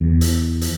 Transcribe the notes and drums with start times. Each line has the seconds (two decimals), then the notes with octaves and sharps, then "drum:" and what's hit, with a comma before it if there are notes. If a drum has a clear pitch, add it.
0.01 E2
0.21 drum: hi-hat
0.61 drum: hi-hat